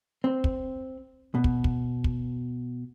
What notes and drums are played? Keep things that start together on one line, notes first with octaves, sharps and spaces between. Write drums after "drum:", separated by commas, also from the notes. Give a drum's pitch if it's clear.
C4
drum: kick
B2
drum: kick
drum: kick
drum: kick